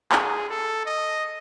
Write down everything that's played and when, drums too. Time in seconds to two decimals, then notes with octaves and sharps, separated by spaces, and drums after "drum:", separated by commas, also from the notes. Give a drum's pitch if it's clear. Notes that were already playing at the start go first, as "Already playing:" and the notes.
0.12 G#4, drum: clap
0.50 A4
0.86 D#5